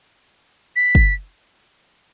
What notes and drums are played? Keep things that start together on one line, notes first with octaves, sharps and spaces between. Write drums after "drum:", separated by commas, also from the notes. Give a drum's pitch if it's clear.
B6
drum: kick